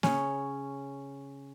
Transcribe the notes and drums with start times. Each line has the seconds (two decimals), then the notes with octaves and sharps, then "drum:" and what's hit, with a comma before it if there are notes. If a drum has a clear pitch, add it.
0.03 C#3 C#4, drum: snare A#3